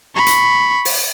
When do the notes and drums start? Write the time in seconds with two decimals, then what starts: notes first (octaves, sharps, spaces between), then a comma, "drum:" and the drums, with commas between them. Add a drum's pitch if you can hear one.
0.15 B5 C#6
0.26 drum: hi-hat
0.85 drum: open hi-hat